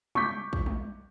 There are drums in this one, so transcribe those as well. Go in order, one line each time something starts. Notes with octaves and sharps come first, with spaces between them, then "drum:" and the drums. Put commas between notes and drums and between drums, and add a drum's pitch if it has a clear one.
C#6 D6 G6 B6, drum: tom G3
drum: kick
drum: tom G3